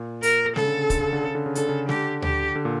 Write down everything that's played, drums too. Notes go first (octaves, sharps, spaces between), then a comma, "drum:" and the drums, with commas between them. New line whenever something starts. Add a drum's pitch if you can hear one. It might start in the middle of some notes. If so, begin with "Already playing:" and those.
Already playing: A#2
A#4, drum: open hi-hat
C#3 A4, drum: snare
D3
C#3
D3, drum: kick, hi-hat
C#3
D3
C#3
D3
C#3
D3 A4, drum: hi-hat
C#3
D3 G4, drum: snare
G4, drum: tom D2
D3
A#2